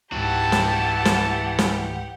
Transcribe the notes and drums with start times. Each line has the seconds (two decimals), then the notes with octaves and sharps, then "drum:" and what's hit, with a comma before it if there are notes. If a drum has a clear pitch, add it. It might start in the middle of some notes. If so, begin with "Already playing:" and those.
0.12 C#2 G#2 E3 F#4 G4 F#5 A5
0.52 drum: snare
1.05 drum: snare
1.59 drum: snare